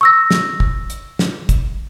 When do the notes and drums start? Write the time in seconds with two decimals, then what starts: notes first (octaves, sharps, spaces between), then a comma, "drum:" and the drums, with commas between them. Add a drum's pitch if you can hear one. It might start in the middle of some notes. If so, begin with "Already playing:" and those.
0.01 C#6 E6 A#6
0.31 drum: snare
0.60 drum: kick
0.90 drum: hi-hat
1.19 drum: snare
1.49 drum: kick, hi-hat